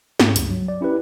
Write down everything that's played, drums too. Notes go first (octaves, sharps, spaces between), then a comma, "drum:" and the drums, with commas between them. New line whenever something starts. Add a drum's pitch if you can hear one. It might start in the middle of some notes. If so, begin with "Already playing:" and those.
G#2, drum: snare
C#2 G2, drum: hi-hat
F#3
D5
C#4 E4 G4 B4